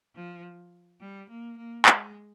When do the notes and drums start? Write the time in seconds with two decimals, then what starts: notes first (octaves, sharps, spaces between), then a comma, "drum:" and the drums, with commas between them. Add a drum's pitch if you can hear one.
0.15 F3
1.00 G3
1.29 A#3
1.57 A#3
1.86 G#3, drum: clap